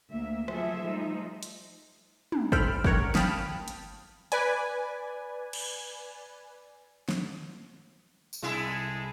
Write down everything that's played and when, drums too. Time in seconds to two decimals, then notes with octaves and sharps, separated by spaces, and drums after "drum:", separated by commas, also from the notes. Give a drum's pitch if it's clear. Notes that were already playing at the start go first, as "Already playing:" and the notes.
0.10 D2 A#3 E5
0.48 F3 F#3 G#4 A4 E5, drum: rim click
0.82 F3 G3 A3 D#4
1.43 drum: hi-hat
2.32 drum: tom
2.52 A4 C5 G5 B5 F6, drum: kick
2.84 A#4 C#5 F#5 G5, drum: kick
3.15 F5 G5 A5 B5 D#6 F6, drum: snare
3.68 drum: hi-hat
4.32 B4 D5 G#5, drum: hi-hat
5.53 drum: cymbal
7.09 drum: snare
8.33 drum: tambourine
8.43 C2 G#3 E4 G#4 A4